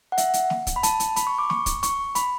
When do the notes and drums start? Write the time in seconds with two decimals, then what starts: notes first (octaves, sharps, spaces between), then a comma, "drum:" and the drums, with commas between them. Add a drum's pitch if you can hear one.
0.12 F#5
0.18 E5, drum: hi-hat
0.34 drum: hi-hat
0.50 drum: snare
0.67 drum: kick, hi-hat
0.76 B5
0.83 A5, drum: hi-hat
1.00 drum: hi-hat
1.16 B5, drum: hi-hat
1.27 C#6
1.38 D6
1.50 C#6, drum: snare
1.66 drum: kick, hi-hat
1.83 C#6, drum: hi-hat
2.15 B5, drum: hi-hat